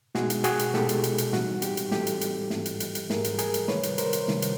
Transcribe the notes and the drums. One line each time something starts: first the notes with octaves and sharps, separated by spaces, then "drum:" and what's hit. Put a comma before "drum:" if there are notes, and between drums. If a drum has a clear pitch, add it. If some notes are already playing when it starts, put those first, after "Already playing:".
B2 G#3 B3 D#4 F#4 G#4, drum: snare
drum: hi-hat
F#4 G#4, drum: hi-hat
drum: hi-hat
B2 G#3 B3 D#4 G4 A4, drum: snare
drum: hi-hat
drum: hi-hat
drum: hi-hat
A2 E3 G3 C4 D#4 F#4, drum: snare
G4, drum: hi-hat
drum: hi-hat
A2 E3 G3 C4 D#4 G4 A4, drum: snare
drum: hi-hat
drum: hi-hat
G#2 E3 G3, drum: snare
drum: hi-hat
drum: hi-hat
drum: hi-hat
G#2 E3 G3 G#4 A#4, drum: snare
drum: hi-hat
G#4 A#4, drum: hi-hat
drum: hi-hat
C3 D#3 G3 B4 C#5, drum: snare
drum: hi-hat
A#4 C5, drum: hi-hat
drum: hi-hat
C3 D#3 G3, drum: snare
drum: hi-hat